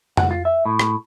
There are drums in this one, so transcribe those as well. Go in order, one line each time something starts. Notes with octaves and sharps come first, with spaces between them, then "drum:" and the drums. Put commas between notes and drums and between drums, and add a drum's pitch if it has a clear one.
F#5, drum: tom F2
F4
E5
A2
drum: rim click